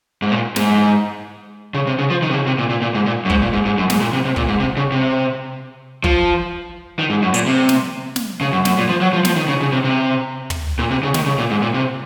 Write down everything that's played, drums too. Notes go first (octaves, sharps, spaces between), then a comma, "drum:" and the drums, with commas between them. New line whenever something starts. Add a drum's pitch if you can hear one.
G#2
A#2
G#2, drum: snare
C#3
C3
C#3
F3
D#3
C3
C#3
C3
A#2
A#2
A#2
G#2
A#2
F#2
G#2, drum: kick
A#2
G#2
G#2
F#2
G#2, drum: snare
A#2
C3
C3
A#2, drum: kick
G#2
C3
C#3
C3
F3, drum: kick
D#3
G#2
F#2
A#2, drum: hi-hat
C3
drum: snare
drum: snare
C#3
F#2
F#2, drum: snare
A#2
F3
F#3
F3
F3, drum: snare
D#3
C#3
C#3
C3
C3
drum: tom
A#2
C3
C#3
D#3, drum: snare
C#3
A#2
G#2
A#2
C3